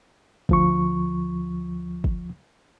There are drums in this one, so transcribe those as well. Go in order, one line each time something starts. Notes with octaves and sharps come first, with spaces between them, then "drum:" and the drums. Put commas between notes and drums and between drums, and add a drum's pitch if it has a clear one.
D2 F3 C#6, drum: kick
drum: kick